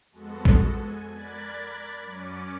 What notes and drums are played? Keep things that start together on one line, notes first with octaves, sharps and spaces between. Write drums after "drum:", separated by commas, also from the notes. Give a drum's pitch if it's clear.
F2 G#3 B3 F#4 A4
drum: kick A1
G#5
A#4 D5 B5 F#6 G#6 A6
F#2 C#4 D6